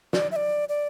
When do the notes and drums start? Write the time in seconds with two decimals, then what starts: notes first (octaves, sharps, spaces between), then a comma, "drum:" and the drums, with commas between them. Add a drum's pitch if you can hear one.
0.13 D5, drum: snare
0.31 E5
0.36 D5
0.69 D5